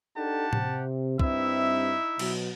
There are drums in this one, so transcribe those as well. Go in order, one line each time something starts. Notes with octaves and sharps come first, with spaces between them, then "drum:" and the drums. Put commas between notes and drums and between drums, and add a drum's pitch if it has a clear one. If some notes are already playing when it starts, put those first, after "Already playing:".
D4 D#4 G4 A4 F#5 A5
C3, drum: tom A2
G2 C4 D#4 E4 E5, drum: kick
B2 F#3, drum: cymbal